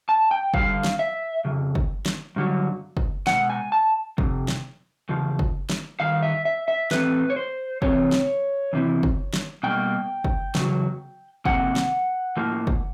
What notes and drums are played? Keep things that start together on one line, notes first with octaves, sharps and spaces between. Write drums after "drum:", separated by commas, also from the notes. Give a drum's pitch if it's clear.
A5
G5
G2 D3 G3 F5, drum: kick
drum: snare
E5
F2 C#3
drum: kick
drum: snare
G2 D3 F#3
drum: kick
B2 G#3 F#5, drum: snare
G#5
A5
F2 C3, drum: kick
drum: snare
E2 C#3 F3
drum: kick
drum: snare
G2 D#3 F5
E5
E5
E5
A2 E3 A3 C4 B4, drum: snare
C#5
C5
C3 E3 A3 C4 C#5, drum: kick
drum: snare
E2 C3 E3
drum: kick
drum: snare
B2 G3 A#3 G5
drum: kick
E2 C#3 F#3, drum: snare
C3 F3 A#3 F#5, drum: kick
drum: snare
A2 F3 A#3
drum: kick